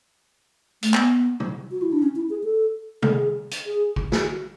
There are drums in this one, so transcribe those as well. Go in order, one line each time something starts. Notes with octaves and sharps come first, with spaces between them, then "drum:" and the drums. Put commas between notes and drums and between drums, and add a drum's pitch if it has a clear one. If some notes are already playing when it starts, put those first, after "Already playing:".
A3, drum: hi-hat
B3, drum: clap
drum: tom
F#4
E4
D4
C#4
E4
G#4
A4
A4, drum: tom
G#4
drum: hi-hat
G#4
drum: kick G#1
G#4, drum: snare
F#4